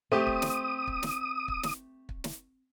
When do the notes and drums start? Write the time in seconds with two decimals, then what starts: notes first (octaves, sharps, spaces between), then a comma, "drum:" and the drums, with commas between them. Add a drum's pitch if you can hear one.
0.12 A3 C4 G4 D#6
0.27 drum: kick
0.42 drum: snare
0.87 drum: kick
1.03 drum: snare
1.48 drum: kick
1.63 drum: snare
2.09 drum: kick
2.24 drum: snare